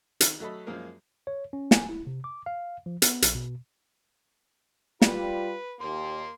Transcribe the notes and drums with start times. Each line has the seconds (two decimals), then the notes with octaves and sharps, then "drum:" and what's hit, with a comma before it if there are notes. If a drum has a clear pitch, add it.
0.20 D#3, drum: hi-hat
0.40 F#3 A3 A4 D#5 B5
0.67 F#2 F3 G#3 A#3 G#4 A#4
1.27 C#5
1.53 C#4
1.71 G#5, drum: snare
1.89 E4
2.07 C3
2.24 D6
2.46 F5
2.86 F3
3.02 B3, drum: hi-hat
3.22 A#1, drum: hi-hat
3.35 B2
5.02 G3 F4 B4, drum: snare
5.81 D#2 A#3 C6